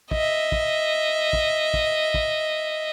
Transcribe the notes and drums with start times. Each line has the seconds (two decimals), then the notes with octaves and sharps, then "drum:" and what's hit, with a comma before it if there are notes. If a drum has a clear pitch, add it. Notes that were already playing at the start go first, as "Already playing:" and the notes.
0.11 D#5 E5, drum: kick
0.52 drum: kick
1.33 drum: kick
1.74 drum: kick
2.14 drum: kick